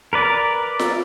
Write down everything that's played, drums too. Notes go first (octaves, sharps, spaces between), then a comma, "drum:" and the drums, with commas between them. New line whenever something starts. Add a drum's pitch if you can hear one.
A#4 B4 D5
drum: snare F4